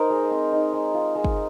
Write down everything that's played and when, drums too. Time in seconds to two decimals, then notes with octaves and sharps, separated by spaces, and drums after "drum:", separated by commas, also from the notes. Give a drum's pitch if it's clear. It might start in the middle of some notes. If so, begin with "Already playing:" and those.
Already playing: D#4 A#4 C5
0.10 G#3
0.31 C4
0.52 D#4
0.73 G#3
0.94 F4
1.15 G#3
1.24 drum: kick